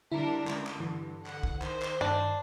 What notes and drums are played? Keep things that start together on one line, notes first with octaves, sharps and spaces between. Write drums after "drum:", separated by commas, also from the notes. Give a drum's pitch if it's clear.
D3 G3 D4 E4 A#4
C#2, drum: clap
drum: clap
G2 E3
F#5, drum: clap
drum: kick
D#3 C5, drum: clap
drum: clap
G2 D4